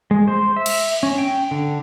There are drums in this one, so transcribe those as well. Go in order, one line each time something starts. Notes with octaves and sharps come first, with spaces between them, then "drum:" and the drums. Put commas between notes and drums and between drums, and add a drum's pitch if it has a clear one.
G#3
C5
E5
drum: cymbal
C#4
G5
D3